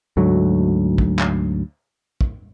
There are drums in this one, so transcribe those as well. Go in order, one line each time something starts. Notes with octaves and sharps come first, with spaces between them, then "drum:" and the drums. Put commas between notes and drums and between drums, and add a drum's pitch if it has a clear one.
D2 G#2 F#3 A3
drum: kick
drum: clap
drum: kick